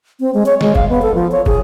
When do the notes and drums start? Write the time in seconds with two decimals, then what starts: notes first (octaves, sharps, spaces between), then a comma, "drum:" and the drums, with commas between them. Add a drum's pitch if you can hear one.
0.20 C4
0.34 G#3
0.46 C#5
0.61 G#3, drum: snare D#3
0.76 F5, drum: kick
0.89 B3
1.02 A4
1.15 F3
1.32 C#5
1.46 G#4, drum: kick